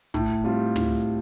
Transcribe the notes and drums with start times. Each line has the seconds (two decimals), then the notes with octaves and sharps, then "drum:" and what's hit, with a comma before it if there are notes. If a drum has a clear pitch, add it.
0.14 A2, drum: kick
0.44 G3 C4 F4
0.76 A2, drum: tom